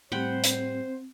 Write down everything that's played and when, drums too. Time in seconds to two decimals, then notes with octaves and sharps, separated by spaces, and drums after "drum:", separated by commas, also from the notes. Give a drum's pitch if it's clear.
0.12 A2 G3 C4 C5 F#5 G5 B5
0.44 drum: hi-hat